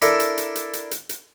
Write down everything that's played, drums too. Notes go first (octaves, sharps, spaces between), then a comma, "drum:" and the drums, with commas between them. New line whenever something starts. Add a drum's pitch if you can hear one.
D4 E4 A4 A#4, drum: hi-hat
drum: hi-hat
drum: hi-hat
drum: hi-hat
drum: hi-hat
drum: hi-hat
drum: hi-hat